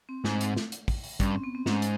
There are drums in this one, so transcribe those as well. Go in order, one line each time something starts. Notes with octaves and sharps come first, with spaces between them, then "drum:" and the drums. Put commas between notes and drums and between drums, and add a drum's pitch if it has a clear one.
C4
G#2 C4, drum: snare
drum: hi-hat
drum: snare
drum: hi-hat
drum: kick, open hi-hat
drum: open hi-hat
G2 C#4, drum: kick, hi-hat
C4
B3
C4
G#2 C#4, drum: snare
drum: hi-hat